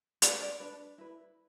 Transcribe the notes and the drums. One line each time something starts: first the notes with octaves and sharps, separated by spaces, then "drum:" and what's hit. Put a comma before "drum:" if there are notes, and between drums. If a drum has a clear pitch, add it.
D4 B4 D5, drum: hi-hat
D5
D4 B4
E4 B4